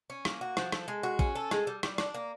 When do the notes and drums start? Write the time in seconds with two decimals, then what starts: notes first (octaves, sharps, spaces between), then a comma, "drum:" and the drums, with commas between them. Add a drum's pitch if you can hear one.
0.10 C#4
0.25 A#3, drum: rim click
0.41 F#4
0.57 F3, drum: rim click
0.72 A4, drum: rim click
0.88 G#3
1.03 F#4
1.19 C#4, drum: kick
1.35 A4
1.51 G#3, drum: rim click
1.67 G3
1.83 G3, drum: rim click
1.98 D4, drum: rim click
2.14 A#3